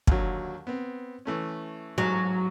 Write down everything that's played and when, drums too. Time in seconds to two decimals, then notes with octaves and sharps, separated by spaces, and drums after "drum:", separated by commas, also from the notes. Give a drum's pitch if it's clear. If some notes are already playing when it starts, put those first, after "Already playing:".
0.07 D#2 D3 F#3, drum: kick
0.67 B3 C4
1.26 E3 A3 C#4
1.98 A1 G#2 F#3 G#5